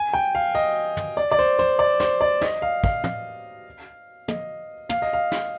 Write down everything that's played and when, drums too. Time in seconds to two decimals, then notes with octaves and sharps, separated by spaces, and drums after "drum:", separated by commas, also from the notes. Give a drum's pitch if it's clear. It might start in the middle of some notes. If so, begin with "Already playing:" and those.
Already playing: G#5
0.14 G5
0.35 F5
0.55 D#5
0.97 drum: tom
1.17 D5
1.32 D5
1.39 C5
1.59 C5, drum: tom
1.79 D5
2.00 C5, drum: snare
2.21 D5
2.41 D#5, drum: snare
2.62 F5
2.84 F5, drum: kick
3.04 drum: tom
4.28 D#5, drum: tom
4.89 F5, drum: tom
5.02 D#5
5.13 F5
5.31 drum: snare